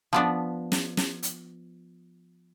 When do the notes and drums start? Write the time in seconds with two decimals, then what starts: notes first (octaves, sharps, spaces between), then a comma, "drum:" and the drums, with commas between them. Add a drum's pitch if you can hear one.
0.13 F3 B3 D4
0.72 drum: snare
0.97 drum: snare
1.23 drum: hi-hat